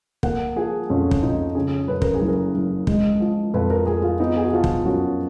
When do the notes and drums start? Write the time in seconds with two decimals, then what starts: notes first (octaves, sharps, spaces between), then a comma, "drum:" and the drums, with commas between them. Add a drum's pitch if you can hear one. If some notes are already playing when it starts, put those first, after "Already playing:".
0.23 A#3 F#5, drum: kick
0.56 F3 G#4
0.90 F2 C#4
1.11 drum: kick
1.22 F2 D#4
1.55 C#3 G#4
1.88 F#2 B4
2.02 A#4, drum: kick
2.14 G#4
2.22 F#1
2.28 A#4
2.55 F#1
2.87 G#3, drum: kick
3.20 F3
3.54 F2 B4
3.70 A#4
3.86 F2 G#4
4.03 F4
4.20 B3 D#4
4.37 G#4
4.44 F#4
4.53 F3 F4
4.64 drum: kick
4.85 F#2 F#4